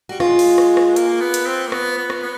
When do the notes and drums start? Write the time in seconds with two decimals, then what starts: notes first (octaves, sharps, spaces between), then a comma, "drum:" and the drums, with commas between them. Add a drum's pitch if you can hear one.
0.09 G3 F#4
0.20 G#3 F4, drum: rim click
0.39 drum: open hi-hat
0.58 drum: rim click
0.77 drum: rim click
0.96 A#3, drum: hi-hat
1.21 B3
1.34 drum: hi-hat
1.46 C4
1.67 A#3
1.72 B3, drum: rim click
1.97 B3
2.10 drum: rim click
2.22 B3